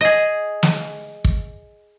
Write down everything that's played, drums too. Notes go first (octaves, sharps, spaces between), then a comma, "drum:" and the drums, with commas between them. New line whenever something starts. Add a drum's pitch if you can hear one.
G#4 D#5
drum: snare
drum: kick